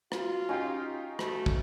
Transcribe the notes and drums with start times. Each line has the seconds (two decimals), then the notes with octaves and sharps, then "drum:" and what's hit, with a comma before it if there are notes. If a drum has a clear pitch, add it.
0.12 F4 F#4, drum: rim click
0.49 C#4 D#4 G4 F5
1.19 A3 F#4, drum: rim click
1.46 drum: kick